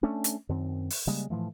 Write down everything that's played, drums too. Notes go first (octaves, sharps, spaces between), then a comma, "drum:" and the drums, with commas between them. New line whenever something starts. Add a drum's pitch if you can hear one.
A3 C#4 D4
drum: hi-hat
F#2 D#3 C4
drum: open hi-hat
C#3 G3 G#3 A#3
A2 E3 F3 A3